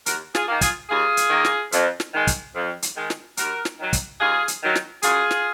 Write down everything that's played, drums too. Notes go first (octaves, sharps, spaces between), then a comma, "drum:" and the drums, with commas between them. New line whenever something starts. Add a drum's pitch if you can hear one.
D#2 F#4 A#4, drum: hi-hat
F4 G#4, drum: snare
D#3 A#3
F4 G#4, drum: kick, hi-hat
D#2 F4 G#4
drum: hi-hat
D#3 A#3
drum: snare
F2, drum: hi-hat
drum: snare
D#3 G#3
drum: kick, hi-hat
F2
drum: hi-hat
D#3 G#3
drum: snare
D#2 F#4 A#4, drum: hi-hat
drum: snare
D#3 F#3
drum: kick, hi-hat
D#2 F4 G#4
drum: hi-hat
D#3 F#3
drum: snare
F#2 F4 G#4, drum: hi-hat
drum: snare